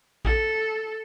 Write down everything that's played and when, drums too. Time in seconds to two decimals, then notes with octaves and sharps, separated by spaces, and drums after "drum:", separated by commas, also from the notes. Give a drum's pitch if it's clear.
0.25 A4, drum: kick